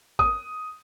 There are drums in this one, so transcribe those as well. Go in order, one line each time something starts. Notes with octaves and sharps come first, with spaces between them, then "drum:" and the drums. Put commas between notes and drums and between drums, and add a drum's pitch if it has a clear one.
D#6, drum: kick